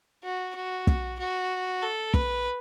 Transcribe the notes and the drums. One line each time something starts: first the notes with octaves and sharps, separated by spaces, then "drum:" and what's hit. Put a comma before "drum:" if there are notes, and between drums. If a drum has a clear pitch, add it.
F#4
F#4
drum: kick
F#4
A4
B4, drum: kick